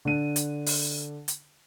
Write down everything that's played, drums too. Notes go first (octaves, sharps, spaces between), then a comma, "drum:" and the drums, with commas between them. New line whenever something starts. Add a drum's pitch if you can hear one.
D3 D#7
drum: hi-hat
drum: open hi-hat
drum: hi-hat